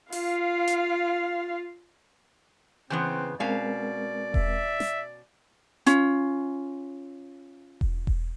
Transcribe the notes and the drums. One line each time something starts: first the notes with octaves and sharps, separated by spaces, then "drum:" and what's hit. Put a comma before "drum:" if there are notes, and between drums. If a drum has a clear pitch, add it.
F4 F5, drum: open hi-hat
drum: hi-hat
C#3 E3 B3 C4 C6 F#6 G6
B2 G#3 C4 C#4 A#4 D5 F5
E5, drum: kick E1
drum: snare
C#4 F4, drum: hi-hat
drum: kick E1
drum: kick E1